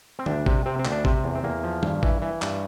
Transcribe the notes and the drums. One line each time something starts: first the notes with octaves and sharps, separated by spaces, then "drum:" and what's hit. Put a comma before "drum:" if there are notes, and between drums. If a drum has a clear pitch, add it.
C4
D2 D4, drum: tom D3
C3, drum: kick G#1
C3 C4
C4
D2, drum: clap
D4
C3 C4, drum: kick G#1
E2
C4
E2 A#3
F3
G2, drum: tom
E3, drum: kick G#1
E3
G2, drum: clap